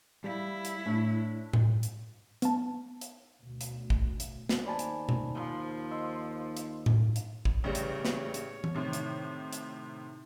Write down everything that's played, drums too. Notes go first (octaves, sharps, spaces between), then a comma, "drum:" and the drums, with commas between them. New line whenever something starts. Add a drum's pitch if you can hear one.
G3 E4 F5
drum: hi-hat
A2 D4
drum: tom A2
drum: hi-hat
B3 A5, drum: hi-hat
drum: hi-hat
D2 B2
drum: hi-hat
drum: kick A1
drum: hi-hat
drum: snare
D#2 D#4 C5 D5 G#5 A5 B5
drum: hi-hat
drum: tom B2
F3
D#5 C6 E6
drum: hi-hat
drum: tom A2
drum: hi-hat
drum: kick A1
A1 C#3 G3 C#5
drum: hi-hat
drum: snare
drum: hi-hat
drum: tom
A2 C3 D#3
drum: hi-hat
drum: hi-hat